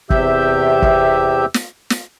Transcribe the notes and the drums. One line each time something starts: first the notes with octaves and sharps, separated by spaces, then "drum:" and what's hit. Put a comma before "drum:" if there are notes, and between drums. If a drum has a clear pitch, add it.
E2 C3 G4 E5 E6 G6, drum: kick
drum: kick
drum: snare
drum: snare